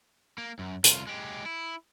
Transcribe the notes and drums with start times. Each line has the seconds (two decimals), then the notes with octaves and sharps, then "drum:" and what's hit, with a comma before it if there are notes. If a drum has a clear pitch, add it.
0.38 A#3
0.59 F#2
0.84 C2 F4, drum: hi-hat
1.07 G#3 G4
1.46 E4